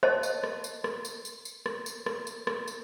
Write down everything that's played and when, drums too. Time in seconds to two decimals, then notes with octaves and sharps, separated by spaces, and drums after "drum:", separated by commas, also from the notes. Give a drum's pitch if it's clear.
0.03 C5 D#5 A5, drum: rim click
0.23 drum: tambourine
0.44 drum: rim click
0.64 drum: tambourine
0.84 drum: rim click
1.05 drum: tambourine
1.25 drum: tambourine
1.45 drum: tambourine
1.66 drum: rim click
1.86 drum: tambourine
2.06 drum: rim click
2.27 drum: tambourine
2.47 drum: rim click
2.67 drum: tambourine